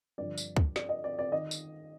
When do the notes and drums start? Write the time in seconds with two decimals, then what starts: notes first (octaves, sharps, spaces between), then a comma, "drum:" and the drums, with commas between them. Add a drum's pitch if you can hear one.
0.18 G2 D3 F3 D5
0.38 drum: tambourine
0.56 drum: kick
0.76 D5, drum: snare
0.89 D#5
1.04 D5
1.19 D5
1.32 D#3 D#5
1.51 drum: tambourine